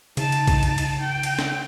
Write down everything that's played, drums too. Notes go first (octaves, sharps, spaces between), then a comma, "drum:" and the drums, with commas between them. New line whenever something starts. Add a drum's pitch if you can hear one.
C#3 D#4 A5, drum: cymbal
drum: cymbal
drum: kick B1, cymbal
drum: cymbal
drum: cymbal
G5
drum: cymbal
drum: snare